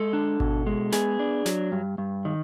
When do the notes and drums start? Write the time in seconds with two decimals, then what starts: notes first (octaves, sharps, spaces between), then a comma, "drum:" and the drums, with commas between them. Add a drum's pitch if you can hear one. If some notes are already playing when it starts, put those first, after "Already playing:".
Already playing: G#3 A4
0.13 D4
0.40 B2, drum: kick G#1
0.67 G#3
0.92 B3 G#4, drum: snare
1.19 D4
1.46 F#3, drum: snare
1.72 G2
1.98 G2
2.25 D#3